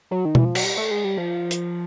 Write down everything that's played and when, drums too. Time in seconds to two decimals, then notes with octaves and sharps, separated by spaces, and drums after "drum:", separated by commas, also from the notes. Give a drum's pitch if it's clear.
0.11 F#3
0.25 D#3
0.35 E3, drum: tom B2
0.45 F3
0.55 F#3, drum: cymbal
0.64 G3
0.77 A3
0.91 G#3
1.04 G3
1.17 F3
1.51 drum: hi-hat